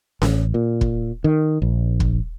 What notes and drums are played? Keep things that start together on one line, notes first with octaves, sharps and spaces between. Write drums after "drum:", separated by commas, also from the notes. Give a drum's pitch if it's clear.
A1, drum: snare C#4
A#2
drum: kick
D#3
A#1
drum: kick